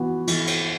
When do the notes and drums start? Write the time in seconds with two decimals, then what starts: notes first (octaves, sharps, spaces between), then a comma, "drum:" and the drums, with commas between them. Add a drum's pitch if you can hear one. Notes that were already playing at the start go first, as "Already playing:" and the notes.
Already playing: E3 B3 F#4
0.27 E3, drum: cymbal
0.47 drum: cymbal